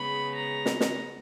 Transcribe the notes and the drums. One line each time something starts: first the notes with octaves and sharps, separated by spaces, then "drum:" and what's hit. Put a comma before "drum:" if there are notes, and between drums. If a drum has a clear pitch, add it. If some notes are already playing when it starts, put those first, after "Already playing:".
Already playing: C#3 G#3 B3 B5
A#5
drum: snare
drum: snare